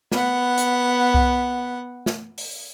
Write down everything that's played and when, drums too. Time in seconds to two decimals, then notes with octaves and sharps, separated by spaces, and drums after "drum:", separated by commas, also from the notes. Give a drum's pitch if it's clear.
0.12 B3 F#5, drum: snare
0.58 drum: hi-hat
1.14 drum: kick C2
2.06 drum: snare
2.38 drum: open hi-hat